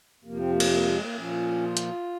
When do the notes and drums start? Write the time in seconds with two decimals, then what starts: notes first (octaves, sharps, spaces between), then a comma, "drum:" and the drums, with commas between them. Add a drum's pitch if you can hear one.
0.24 F2 C3 F3 A#3
0.37 C4
0.51 A#3
0.60 drum: cymbal
0.70 A#3
0.86 G#3
1.01 A#3
1.16 A#2 F3 C#4
1.63 F4
1.77 drum: hi-hat